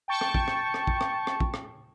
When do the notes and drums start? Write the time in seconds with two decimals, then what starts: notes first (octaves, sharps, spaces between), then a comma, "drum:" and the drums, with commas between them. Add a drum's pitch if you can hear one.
0.08 G5 A5 C#6
0.21 drum: rim click
0.34 drum: kick
0.48 drum: rim click
0.74 drum: rim click
0.87 drum: kick
1.01 drum: rim click
1.27 drum: rim click
1.40 drum: kick
1.54 drum: rim click